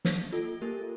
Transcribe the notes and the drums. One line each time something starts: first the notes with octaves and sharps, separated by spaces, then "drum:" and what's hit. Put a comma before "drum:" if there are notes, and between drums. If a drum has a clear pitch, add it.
A#3, drum: snare
A#3 F4 A4
A#3 G4 A#4